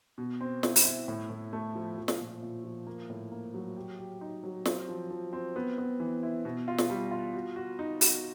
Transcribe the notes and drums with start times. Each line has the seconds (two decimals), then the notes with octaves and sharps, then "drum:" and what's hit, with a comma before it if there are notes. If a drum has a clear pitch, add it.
0.18 B2
0.41 C4
0.63 E4, drum: snare
0.76 drum: open hi-hat
0.85 E4
1.08 A2
1.30 A2
1.53 A3
1.75 F3
1.97 F3
2.08 drum: snare
2.20 A#2
2.42 A#2
2.64 F3
2.87 A#3
3.10 A2
3.32 A#3
3.54 F#3
3.76 G4
3.99 G4
4.21 D#4
4.44 F#3
4.65 C4, drum: snare
4.89 F3
5.10 F3
5.33 C4
5.56 B3
5.78 B3
6.00 E3
6.23 E4
6.45 B2
6.68 F4
6.78 drum: snare
6.90 G3
7.11 F4
7.34 F#4
7.56 F#4
7.79 D#4
8.01 F#4, drum: open hi-hat